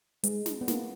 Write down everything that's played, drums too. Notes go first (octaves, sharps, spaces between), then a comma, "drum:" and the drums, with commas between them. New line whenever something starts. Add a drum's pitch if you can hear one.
G#3, drum: hi-hat
drum: snare
B3
A#3, drum: snare